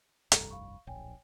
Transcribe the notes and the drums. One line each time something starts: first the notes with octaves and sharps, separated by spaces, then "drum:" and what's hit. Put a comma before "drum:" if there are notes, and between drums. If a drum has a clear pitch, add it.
F1 C2 G2 A4 A#5, drum: hi-hat
F5 B5 C#6
D1 A#1 C#5 G5 G#5